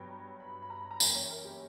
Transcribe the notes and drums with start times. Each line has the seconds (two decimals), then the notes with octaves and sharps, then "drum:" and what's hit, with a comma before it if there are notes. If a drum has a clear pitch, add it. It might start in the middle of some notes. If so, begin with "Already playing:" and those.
Already playing: G2 F#3 B3 G5
0.40 B5
0.62 B5
0.70 A#5
0.91 A#5
1.00 F#2 E3 A#3 G5, drum: tambourine
1.15 C#5
1.30 A#4
1.45 G4